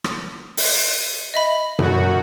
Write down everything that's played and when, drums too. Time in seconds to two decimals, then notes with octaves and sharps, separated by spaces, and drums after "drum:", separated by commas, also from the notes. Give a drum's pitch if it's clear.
0.04 drum: rim click
0.57 drum: open hi-hat
1.34 D#5 E5 B5
1.79 F#2 F#4, drum: tom B2